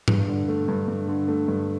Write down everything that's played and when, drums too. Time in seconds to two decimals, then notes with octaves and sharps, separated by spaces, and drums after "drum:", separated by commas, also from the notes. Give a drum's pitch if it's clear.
0.08 G2, drum: tom G#2
0.28 D3
0.48 A3
0.68 G2
0.88 G2
1.08 D3
1.28 A3
1.48 G2